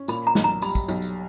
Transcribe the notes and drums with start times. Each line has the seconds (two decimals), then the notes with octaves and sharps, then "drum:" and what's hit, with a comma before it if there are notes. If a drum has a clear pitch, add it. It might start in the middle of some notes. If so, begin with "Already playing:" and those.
Already playing: C#4
0.08 A#2 B5, drum: tambourine
0.27 A#5
0.35 B1, drum: snare
0.44 A#5
0.62 G3 B5, drum: tambourine
0.75 drum: kick, tambourine
0.89 B1, drum: tambourine
1.02 drum: tambourine